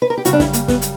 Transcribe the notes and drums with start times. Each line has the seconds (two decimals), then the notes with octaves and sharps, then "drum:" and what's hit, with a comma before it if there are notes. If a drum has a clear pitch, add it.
0.02 B4
0.10 A#4
0.18 G4
0.25 F#2 C#3 G3 F#4, drum: hi-hat
0.33 D4
0.40 E4, drum: snare
0.53 A#3, drum: hi-hat
0.68 B3, drum: snare
0.82 drum: hi-hat